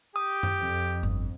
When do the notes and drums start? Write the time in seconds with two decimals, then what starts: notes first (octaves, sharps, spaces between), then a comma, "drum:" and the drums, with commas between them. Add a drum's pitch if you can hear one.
0.16 G4 D#6
0.43 drum: tom F#2
0.59 F2
1.03 G1